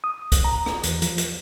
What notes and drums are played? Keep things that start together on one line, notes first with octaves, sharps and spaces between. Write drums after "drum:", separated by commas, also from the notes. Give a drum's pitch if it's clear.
D#6
drum: kick, hi-hat
A#5
drum: rim click
E2, drum: hi-hat
F3, drum: hi-hat
drum: hi-hat